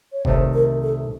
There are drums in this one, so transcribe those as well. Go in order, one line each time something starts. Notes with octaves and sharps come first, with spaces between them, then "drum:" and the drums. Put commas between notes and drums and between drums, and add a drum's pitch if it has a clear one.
C#5
C2 C3 D#3 A3 C5, drum: kick F#1
A#4
A4